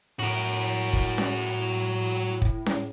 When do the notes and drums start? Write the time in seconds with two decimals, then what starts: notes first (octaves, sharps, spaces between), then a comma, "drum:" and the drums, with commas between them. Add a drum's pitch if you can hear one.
0.19 A2 F#4 A#4
0.93 drum: kick
1.18 drum: snare C#4
2.42 drum: kick
2.66 drum: snare C#4